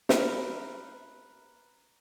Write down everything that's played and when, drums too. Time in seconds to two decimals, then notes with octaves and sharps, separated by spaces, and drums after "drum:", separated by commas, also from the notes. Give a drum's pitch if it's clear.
0.09 A#4 B4 F5, drum: snare